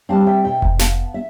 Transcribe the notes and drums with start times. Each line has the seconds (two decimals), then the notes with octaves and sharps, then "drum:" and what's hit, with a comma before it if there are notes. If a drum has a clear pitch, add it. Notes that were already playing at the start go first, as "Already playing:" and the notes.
0.09 G3 C4 F5 A5
0.21 A5
0.27 E5 G5
0.45 B2 E5 G5
0.62 drum: kick F1
0.79 B3 F5 A5, drum: snare
1.14 E5